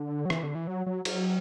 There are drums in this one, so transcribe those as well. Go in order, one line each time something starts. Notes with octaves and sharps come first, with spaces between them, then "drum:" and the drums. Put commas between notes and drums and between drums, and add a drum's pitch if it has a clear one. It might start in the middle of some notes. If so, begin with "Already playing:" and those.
Already playing: D3
F#3
E3, drum: rim click
D3
E3
F#3
F#3
F#3, drum: cymbal